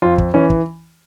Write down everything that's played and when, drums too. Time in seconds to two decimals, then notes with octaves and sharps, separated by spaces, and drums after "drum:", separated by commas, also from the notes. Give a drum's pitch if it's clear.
0.02 F2 F4
0.18 drum: kick
0.34 E3 C#4
0.50 drum: kick